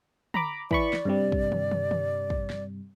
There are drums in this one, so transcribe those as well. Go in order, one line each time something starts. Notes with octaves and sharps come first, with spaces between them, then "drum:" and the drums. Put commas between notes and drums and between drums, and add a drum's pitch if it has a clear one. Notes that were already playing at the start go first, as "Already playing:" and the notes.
A#5 B5 D6, drum: tom
E3 D5 B5 C#6, drum: kick
drum: snare
G2 C3 G3
drum: kick
drum: tom
drum: tom
drum: tom
drum: kick
drum: snare